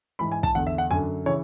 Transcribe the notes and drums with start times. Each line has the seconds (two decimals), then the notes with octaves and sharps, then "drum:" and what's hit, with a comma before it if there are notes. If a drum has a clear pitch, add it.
0.19 G#2 E3 B5
0.32 G#5
0.43 A5, drum: kick
0.55 E2 D3 F#5
0.67 E5
0.78 F#5
0.90 F#2 D3 G#5
1.26 C#3 E3 C#5